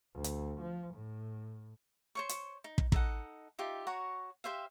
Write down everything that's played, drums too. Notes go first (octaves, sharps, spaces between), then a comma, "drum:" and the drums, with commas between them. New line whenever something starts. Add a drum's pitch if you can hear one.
D2
drum: hi-hat
F3
A2
C5 C#5 C#6
drum: hi-hat
D#4
drum: kick
D#4 A4 D#5 F#5, drum: kick
D#4 F4 G4 E5
F#4 C#5 F#5 A#5
G4 C5 E5 F5